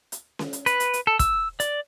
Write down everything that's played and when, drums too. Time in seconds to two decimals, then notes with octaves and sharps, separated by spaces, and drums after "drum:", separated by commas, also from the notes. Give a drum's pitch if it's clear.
0.12 drum: hi-hat
0.39 drum: snare C#4
0.53 drum: hi-hat
0.66 B4, drum: hi-hat
0.80 drum: hi-hat
0.93 drum: hi-hat
1.07 A4
1.19 E6, drum: kick, hi-hat
1.60 D5, drum: hi-hat